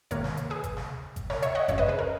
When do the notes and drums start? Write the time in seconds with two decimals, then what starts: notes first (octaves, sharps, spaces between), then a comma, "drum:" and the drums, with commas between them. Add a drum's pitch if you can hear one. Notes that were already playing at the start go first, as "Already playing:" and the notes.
0.11 G#2 D#3 A#3 A#4 C#5, drum: kick G#1, hi-hat
0.24 drum: snare
0.37 drum: hi-hat
0.50 G#4 B4
0.64 drum: kick G#1, hi-hat
0.77 drum: snare
1.16 drum: kick G#1, hi-hat
1.30 A#4 C#5, drum: snare
1.42 C#5 E5, drum: hi-hat
1.55 D#5 F#5
1.68 G#1 F#2 C#3 C#5 E5, drum: kick G#1, hi-hat
1.78 B4 D#5
1.88 G#4 B4
1.99 A#4